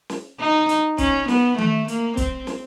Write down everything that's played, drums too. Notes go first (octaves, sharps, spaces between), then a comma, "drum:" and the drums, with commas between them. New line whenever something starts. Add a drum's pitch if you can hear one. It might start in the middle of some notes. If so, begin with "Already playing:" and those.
drum: snare
D#4
drum: hi-hat
C#4, drum: kick, hi-hat
B3, drum: snare
A3, drum: tom D#3
A#3, drum: hi-hat
C4, drum: kick, hi-hat
drum: snare